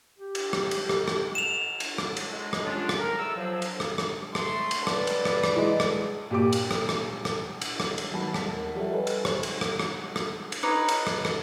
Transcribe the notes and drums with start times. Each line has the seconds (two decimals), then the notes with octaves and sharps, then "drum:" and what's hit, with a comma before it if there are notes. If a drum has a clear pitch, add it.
0.19 G4
0.35 drum: cymbal
0.53 drum: rim click
0.71 drum: cymbal
0.89 drum: rim click
1.08 drum: rim click
1.35 E7 F7
1.80 drum: cymbal
1.98 drum: rim click
2.17 drum: cymbal
2.31 G#3
2.53 drum: rim click
2.64 C#4 D4 F4
2.89 drum: rim click
2.99 A#4
3.18 E2 A4 E6
3.36 F3 F#3
3.62 drum: cymbal
3.80 drum: rim click
3.98 drum: rim click
4.35 A3 C6, drum: rim click
4.71 drum: cymbal
4.87 B4 D5, drum: rim click
5.07 drum: cymbal
5.25 drum: rim click
5.44 drum: rim click
5.56 E3 G#3
5.80 drum: rim click
6.31 A#2 G4 D6
6.53 drum: cymbal
6.71 drum: rim click
6.89 drum: rim click
7.25 drum: rim click
7.62 drum: cymbal
7.80 drum: rim click
7.98 drum: cymbal
8.11 D#3 F#3 G#3 B3 A5 B5
8.34 A5 B6, drum: rim click
8.51 D#2 A#3
8.74 F3 G3 A4 E5
8.92 A4 B4 C#5 D#5 G#5
9.07 drum: cymbal
9.25 C5, drum: rim click
9.43 drum: cymbal
9.61 drum: rim click
9.79 drum: rim click
10.16 drum: rim click
10.52 drum: cymbal
10.63 D#4 B4 C#5 D6
10.88 drum: cymbal
11.07 drum: rim click
11.25 drum: rim click